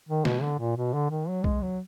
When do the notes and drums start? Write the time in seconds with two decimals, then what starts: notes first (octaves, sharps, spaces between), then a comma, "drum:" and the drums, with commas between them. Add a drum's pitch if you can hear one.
0.09 D#3
0.25 B2, drum: snare
0.43 D3
0.59 A#2
0.76 B2
0.94 D3
1.10 D#3
1.28 F#3
1.44 G#3, drum: kick B1
1.62 F#3